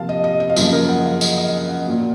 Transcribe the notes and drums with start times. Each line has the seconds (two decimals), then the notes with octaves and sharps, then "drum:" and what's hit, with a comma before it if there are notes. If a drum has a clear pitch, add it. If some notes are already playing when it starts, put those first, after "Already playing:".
Already playing: C3 F3 A#3 F5 A5
0.09 D#5
0.24 D#5
0.40 D#5
0.49 F5
0.56 F#2 C#3 F3 A#3 D#5, drum: tambourine
0.73 A#4
0.89 F#5
1.06 F5
1.21 D#5, drum: tambourine
1.38 D#5
1.69 F#5
1.86 A#2 F#3 A#3